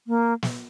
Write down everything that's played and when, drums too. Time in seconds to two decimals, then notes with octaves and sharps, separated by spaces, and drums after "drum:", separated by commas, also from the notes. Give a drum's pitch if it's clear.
0.07 A#3
0.43 drum: snare